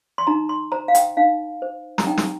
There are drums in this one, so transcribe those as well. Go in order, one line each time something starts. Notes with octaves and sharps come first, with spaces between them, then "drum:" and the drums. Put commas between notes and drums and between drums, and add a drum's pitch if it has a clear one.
C6
D#4 A#5
C6
C5 A#5
F5
G5, drum: hi-hat
D#4 F5
C5
A#5, drum: snare
D#4 G5
drum: snare